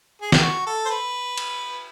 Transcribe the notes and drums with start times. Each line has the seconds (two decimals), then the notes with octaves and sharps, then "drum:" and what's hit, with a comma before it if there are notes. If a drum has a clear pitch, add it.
0.22 G#4
0.32 G4, drum: snare
0.42 F#4
0.66 A4
0.85 C5
0.90 B4
1.38 drum: cymbal